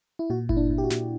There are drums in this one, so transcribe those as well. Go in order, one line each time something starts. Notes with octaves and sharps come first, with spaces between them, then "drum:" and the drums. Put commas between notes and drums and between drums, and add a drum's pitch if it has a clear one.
E4
A#2 F#4
A#2 E4, drum: kick G1
D4
A#2
G4
F#4
A#2, drum: snare